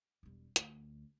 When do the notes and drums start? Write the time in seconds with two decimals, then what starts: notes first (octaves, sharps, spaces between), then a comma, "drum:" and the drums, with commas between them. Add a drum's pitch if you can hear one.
0.23 E1 G3
0.56 D2, drum: hi-hat